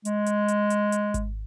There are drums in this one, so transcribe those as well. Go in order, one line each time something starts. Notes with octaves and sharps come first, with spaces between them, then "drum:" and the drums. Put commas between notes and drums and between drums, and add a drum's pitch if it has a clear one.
G#3, drum: hi-hat
drum: hi-hat
drum: hi-hat
drum: hi-hat
drum: hi-hat
drum: kick G#1, hi-hat